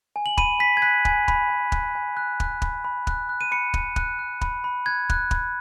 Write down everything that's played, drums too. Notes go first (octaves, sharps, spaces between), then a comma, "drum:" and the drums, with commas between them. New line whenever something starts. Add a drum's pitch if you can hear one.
G#5
F#7
B5 D#7, drum: kick
G#5 B6
G#6
F#6 B6
G#5, drum: kick
B5, drum: kick
G#5
F#6, drum: kick
G#5
F#6
F#6, drum: kick
B5, drum: kick
B5
F#6, drum: kick
F#6
D#7
B5 C#7
B5, drum: kick
F#6, drum: kick
F#6
B5, drum: kick
B5
F#6 G#6
F#6, drum: kick
B5, drum: kick